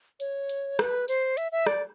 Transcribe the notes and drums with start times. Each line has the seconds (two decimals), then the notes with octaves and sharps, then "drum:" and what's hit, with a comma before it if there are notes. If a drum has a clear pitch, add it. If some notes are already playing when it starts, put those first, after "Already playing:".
0.20 C#5, drum: hi-hat
0.49 drum: hi-hat
0.79 B4, drum: rim click
1.08 C5, drum: open hi-hat
1.37 E5, drum: hi-hat
1.52 E5
1.67 D5, drum: rim click